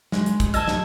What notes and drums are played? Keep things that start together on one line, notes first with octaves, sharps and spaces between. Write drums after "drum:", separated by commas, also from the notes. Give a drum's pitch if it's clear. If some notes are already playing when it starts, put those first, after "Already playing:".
G#3, drum: snare
drum: hi-hat
drum: kick, hi-hat
D#5 A5 E6 G#6, drum: hi-hat
drum: snare